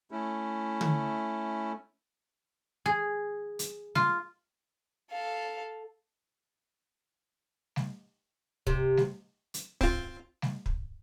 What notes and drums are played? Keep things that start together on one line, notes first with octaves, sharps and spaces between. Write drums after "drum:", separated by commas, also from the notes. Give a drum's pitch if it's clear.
A3 C#4 E4
drum: tom D3
G#4
drum: hi-hat
F4, drum: snare G3
A4 F5
drum: snare G3
C3, drum: kick
drum: snare G3
drum: hi-hat
C4 F4, drum: kick
drum: snare G3
drum: kick